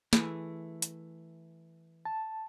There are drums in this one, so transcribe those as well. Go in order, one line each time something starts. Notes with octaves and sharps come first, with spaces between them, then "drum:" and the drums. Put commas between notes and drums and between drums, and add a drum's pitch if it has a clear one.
E3 A3 G#4, drum: snare
drum: hi-hat
A5